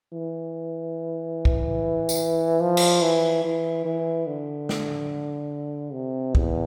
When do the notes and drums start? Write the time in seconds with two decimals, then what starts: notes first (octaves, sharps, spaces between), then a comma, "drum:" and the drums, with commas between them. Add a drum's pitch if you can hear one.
0.13 E3
1.45 drum: kick
2.09 drum: tambourine
2.62 F3
2.77 drum: cymbal
3.02 E3
3.45 E3
3.85 E3
4.27 D3
4.69 drum: snare
5.93 C3
6.35 E2, drum: kick